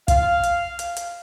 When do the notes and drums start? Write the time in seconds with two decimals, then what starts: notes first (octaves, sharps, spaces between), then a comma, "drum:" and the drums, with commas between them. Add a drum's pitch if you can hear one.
0.08 F5, drum: kick, hi-hat
0.43 drum: hi-hat
0.79 drum: hi-hat
0.97 drum: hi-hat